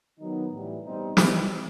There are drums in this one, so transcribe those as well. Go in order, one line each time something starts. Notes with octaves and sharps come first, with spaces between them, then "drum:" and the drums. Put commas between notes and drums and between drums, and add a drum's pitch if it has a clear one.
D#3 F#3 B3 D#4
A2 E3 G3
B2 G3 C4 D#4
C3 E3 G3 D#4 G4, drum: snare